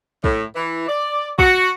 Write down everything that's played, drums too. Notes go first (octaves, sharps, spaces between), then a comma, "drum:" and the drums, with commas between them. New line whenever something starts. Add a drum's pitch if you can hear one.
A2, drum: kick
E3
D5
F#4, drum: kick